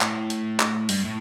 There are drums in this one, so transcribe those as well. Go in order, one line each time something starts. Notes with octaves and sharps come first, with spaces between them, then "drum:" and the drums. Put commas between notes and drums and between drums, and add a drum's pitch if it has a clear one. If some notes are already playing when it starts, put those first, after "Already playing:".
A2, drum: clap
drum: hi-hat
drum: clap
G2, drum: open hi-hat
A2